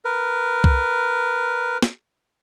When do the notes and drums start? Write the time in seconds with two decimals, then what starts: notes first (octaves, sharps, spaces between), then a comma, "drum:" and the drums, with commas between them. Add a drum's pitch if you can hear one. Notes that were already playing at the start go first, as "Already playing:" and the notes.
0.05 A#4 B4
0.64 drum: kick C2
1.82 drum: snare